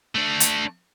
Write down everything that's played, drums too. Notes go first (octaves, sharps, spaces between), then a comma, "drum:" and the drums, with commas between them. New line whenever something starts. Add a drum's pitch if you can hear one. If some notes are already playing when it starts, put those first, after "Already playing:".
A3 D4
drum: hi-hat